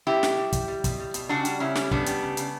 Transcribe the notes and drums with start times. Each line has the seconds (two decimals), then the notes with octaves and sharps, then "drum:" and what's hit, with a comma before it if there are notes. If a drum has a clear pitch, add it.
0.07 G3 E4 G4
0.23 B2, drum: snare
0.37 G3
0.53 G3, drum: kick, hi-hat
0.68 G3
0.84 B2, drum: kick, hi-hat
0.99 G3
1.14 B2, drum: hi-hat
1.29 C#3 D4 F#4
1.45 G3, drum: hi-hat
1.60 C#3 C#4 E4
1.75 G3, drum: snare
1.91 C#3 B3 D4, drum: kick
2.06 G3, drum: hi-hat
2.22 C#3
2.37 C#3, drum: hi-hat